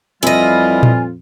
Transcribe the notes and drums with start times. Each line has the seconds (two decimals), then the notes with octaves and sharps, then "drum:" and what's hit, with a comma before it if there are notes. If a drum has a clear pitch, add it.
0.23 F2 E3 G3 E4 F4 D#5 G#5
0.83 drum: tom A#2